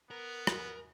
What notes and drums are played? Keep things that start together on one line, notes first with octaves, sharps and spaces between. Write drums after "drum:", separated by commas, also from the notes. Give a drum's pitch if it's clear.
B3 A#4
drum: rim click